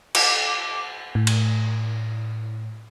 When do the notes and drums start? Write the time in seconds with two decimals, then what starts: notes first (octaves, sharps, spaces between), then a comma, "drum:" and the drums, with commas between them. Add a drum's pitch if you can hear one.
0.15 D6, drum: cymbal
1.15 A2
1.27 drum: cymbal